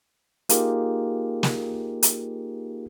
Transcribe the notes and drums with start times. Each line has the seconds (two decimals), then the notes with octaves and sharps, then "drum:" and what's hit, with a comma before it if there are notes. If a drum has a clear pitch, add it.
0.49 A#3 D#4 F4 G4 G#4 A#4, drum: hi-hat
1.43 drum: snare
2.03 drum: hi-hat